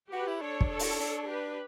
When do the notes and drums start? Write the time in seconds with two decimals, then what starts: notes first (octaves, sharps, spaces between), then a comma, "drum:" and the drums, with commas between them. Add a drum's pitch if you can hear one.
0.12 F#4 G4 B4
0.27 E4
0.41 D4 A4 C#5
0.61 drum: kick
0.70 A4 C#5
0.79 drum: open hi-hat
1.00 D4
1.28 G4 B4